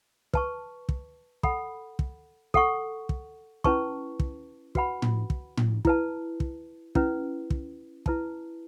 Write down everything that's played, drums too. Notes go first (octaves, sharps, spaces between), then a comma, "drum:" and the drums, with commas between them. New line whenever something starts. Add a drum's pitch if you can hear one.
B4 A5 C#6, drum: kick
drum: kick
A4 F#5 B5, drum: kick
drum: kick
A4 F#5 C#6, drum: kick
drum: kick
C#4 E4 B4 A5 C#6, drum: kick
drum: kick
F#4 B4 F#5 B5, drum: kick
drum: tom A2
drum: kick
drum: tom A2
E4 B4 A5, drum: kick
drum: kick
C#4 E4 B4, drum: kick
drum: kick
E4 B4 A5, drum: kick